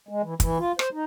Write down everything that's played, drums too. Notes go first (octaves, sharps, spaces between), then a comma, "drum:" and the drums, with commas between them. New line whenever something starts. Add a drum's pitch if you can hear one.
G#3
E3
E3, drum: kick, hi-hat
F4
C5, drum: rim click
D#4